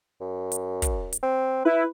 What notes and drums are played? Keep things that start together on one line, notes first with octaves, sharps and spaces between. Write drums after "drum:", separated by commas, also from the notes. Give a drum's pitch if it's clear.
F#2
drum: hi-hat
drum: kick, hi-hat
drum: hi-hat
C4
E4 B4